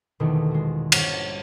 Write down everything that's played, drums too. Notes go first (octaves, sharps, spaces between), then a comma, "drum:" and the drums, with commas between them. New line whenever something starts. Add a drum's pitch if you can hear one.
A#1 E2 B2 D3 D#3 A3
G#3 F#4
G2 C#4 C5 C#5 F#5 F6, drum: cymbal